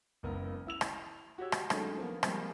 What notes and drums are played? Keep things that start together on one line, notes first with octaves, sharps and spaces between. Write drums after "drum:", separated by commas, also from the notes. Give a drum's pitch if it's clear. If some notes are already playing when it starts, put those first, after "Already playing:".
F#1 C#2 B3 A#4
E4 E6 F7
drum: rim click
F#4 G4 C#5 E6
drum: rim click
D3 D#3 F#3 G#3 A3 C#4, drum: rim click
F3 A#3 B3
F3 G3 G#3 A#3 C4 G4, drum: rim click